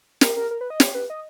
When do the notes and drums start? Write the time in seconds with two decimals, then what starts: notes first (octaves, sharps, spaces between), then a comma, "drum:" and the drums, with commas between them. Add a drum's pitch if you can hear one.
0.21 A#4, drum: snare
0.37 A#4
0.51 A#4
0.61 B4
0.70 D#5
0.80 C#5, drum: snare
0.95 B4
1.10 D#5